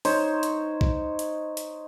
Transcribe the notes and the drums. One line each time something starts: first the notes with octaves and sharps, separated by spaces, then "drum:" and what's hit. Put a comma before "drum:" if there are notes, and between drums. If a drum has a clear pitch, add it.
D#4 C5 C#5, drum: open hi-hat
drum: hi-hat
drum: kick B1
drum: hi-hat
drum: hi-hat